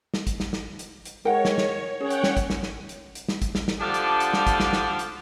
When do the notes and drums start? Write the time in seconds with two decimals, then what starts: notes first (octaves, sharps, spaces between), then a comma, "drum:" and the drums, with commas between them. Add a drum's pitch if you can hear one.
0.14 drum: snare
0.27 drum: kick, hi-hat
0.40 drum: snare
0.53 drum: snare
0.79 drum: hi-hat
1.05 drum: hi-hat
1.25 G#3 A#4 C#5 F#5 G5
1.45 drum: snare
1.58 drum: snare
2.01 C#4 G#4 C#5 F#5 G5
2.10 drum: hi-hat
2.24 drum: snare
2.37 drum: kick, hi-hat
2.50 drum: snare
2.63 drum: snare
2.89 drum: hi-hat
3.15 drum: hi-hat
3.29 drum: snare
3.42 drum: kick, hi-hat
3.55 drum: snare
3.68 drum: snare
3.81 D3 F3 D4 G4 A4
3.94 drum: hi-hat
4.20 drum: hi-hat
4.33 drum: snare
4.47 drum: kick, hi-hat
4.60 drum: snare
4.73 drum: snare
4.99 drum: hi-hat